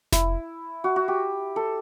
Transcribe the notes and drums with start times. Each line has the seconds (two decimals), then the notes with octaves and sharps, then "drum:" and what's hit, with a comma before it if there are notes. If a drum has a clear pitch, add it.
0.12 E4, drum: snare F1
0.84 F#4
0.96 F#4
1.08 G4
1.56 A4